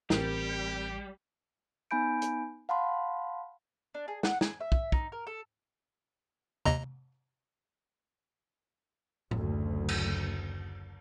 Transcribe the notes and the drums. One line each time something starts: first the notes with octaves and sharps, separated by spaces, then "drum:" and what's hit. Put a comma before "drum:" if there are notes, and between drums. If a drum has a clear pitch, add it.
A1 G3 C4 G4 A#4, drum: snare
B3 D#4 G#5 B5 G6 D7
drum: hi-hat
F5 F#5 A5 B5 C6
D4
G#4
F#5, drum: snare
G#5, drum: snare
E5
drum: kick
D#4, drum: kick
A#4
A4
D#2 D#5 A#5, drum: tom C3
F#1 D2, drum: tom A2
drum: cymbal